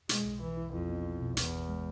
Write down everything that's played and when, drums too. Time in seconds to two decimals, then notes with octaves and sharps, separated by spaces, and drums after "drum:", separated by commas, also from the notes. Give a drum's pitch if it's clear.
0.09 B2 G#3, drum: hi-hat
0.25 B1
0.41 B1 E3
0.57 E4
0.73 F2 E4
0.89 B3
1.05 B1
1.20 B2
1.37 G#1 E2, drum: hi-hat
1.52 G#1
1.69 G#3